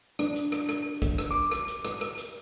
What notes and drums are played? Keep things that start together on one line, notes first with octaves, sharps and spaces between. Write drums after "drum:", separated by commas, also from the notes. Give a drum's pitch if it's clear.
D4, drum: rim click
drum: hi-hat
drum: rim click
drum: rim click
drum: kick, hi-hat
drum: rim click
D6
drum: rim click
drum: hi-hat
drum: rim click
drum: rim click
drum: hi-hat